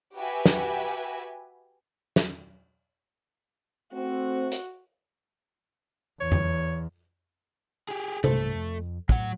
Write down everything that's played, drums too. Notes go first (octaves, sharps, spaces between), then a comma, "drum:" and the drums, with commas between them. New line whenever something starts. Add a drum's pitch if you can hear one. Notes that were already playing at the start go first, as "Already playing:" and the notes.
F#4 G4 B4 E5 G#5
drum: snare
drum: snare
A3 C4 F#4
drum: hi-hat
E2 C#5
drum: tom F2
G4 G#4
B1 G2 A3 A4 C5, drum: tom C3
F2
A2 F#3 F#5, drum: kick